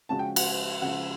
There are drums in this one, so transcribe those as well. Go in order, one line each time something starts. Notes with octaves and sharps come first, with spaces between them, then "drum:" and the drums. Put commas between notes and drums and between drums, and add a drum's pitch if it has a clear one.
C#3 F3 G#3 C#4 F#4 A5
G5
F#5, drum: cymbal
C#3 F3 G#3 C#4 F#5